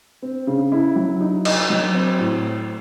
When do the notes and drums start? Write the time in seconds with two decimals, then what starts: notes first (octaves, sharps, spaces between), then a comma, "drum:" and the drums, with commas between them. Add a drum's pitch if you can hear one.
0.22 C4
0.47 C#3
0.72 E4
0.96 F#3
1.21 D#4
1.45 D#5, drum: cymbal
1.70 F#3
1.94 C4
2.19 A2